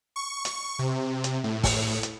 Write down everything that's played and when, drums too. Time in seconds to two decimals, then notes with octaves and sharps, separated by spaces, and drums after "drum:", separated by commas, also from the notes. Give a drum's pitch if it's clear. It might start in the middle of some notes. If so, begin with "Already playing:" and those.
0.16 C#6
0.45 drum: hi-hat
0.79 C3
1.24 drum: hi-hat
1.44 A2
1.64 drum: kick, open hi-hat
2.03 drum: hi-hat